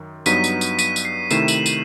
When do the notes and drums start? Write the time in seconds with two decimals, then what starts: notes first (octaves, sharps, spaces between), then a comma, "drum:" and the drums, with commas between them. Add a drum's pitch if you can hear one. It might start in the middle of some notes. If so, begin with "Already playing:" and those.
Already playing: F#2 D#3
0.26 G2 F#3 B3 D#4 B6 D#7, drum: tambourine
0.44 drum: tambourine
0.61 drum: tambourine
0.79 B6 D#7, drum: tambourine
0.96 drum: tambourine
1.05 C7
1.31 C3 D#3 A3 E4 C7 E7, drum: tambourine
1.48 D#7 F#7, drum: tambourine
1.66 D#7 F#7, drum: tambourine